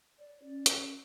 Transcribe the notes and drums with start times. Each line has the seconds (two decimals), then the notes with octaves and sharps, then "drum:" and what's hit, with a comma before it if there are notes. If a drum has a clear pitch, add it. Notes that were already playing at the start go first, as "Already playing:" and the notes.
0.18 C#5 D5
0.29 C#5
0.41 C#4 D5
0.66 C#4, drum: hi-hat